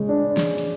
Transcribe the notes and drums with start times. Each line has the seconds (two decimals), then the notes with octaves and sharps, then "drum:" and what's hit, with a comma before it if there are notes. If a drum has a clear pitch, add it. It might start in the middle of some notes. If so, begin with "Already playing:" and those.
Already playing: C#3 G#3
0.09 D4
0.37 drum: snare
0.58 drum: cymbal